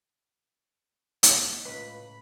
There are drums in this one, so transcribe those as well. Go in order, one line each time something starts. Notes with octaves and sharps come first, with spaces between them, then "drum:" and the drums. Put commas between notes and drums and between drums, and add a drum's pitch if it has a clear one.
D#2, drum: hi-hat
C#2 A2 B4 B5